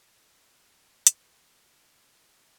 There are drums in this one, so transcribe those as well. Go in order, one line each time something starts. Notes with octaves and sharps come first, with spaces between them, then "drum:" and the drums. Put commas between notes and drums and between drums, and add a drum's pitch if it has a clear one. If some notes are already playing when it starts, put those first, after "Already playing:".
D4
E4
C5
B4, drum: hi-hat
G4
F#4